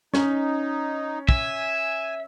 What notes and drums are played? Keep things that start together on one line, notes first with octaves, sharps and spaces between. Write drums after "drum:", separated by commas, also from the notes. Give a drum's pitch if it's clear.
C#4 D#4, drum: snare
E5 G#5, drum: kick